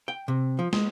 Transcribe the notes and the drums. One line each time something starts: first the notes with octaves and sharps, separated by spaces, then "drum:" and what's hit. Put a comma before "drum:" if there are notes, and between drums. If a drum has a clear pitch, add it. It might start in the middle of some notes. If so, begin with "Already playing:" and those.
G5
C3
F3
G#3, drum: snare